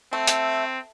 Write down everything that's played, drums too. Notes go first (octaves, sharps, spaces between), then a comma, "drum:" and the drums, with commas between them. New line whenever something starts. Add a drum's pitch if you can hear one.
A3 C4
drum: hi-hat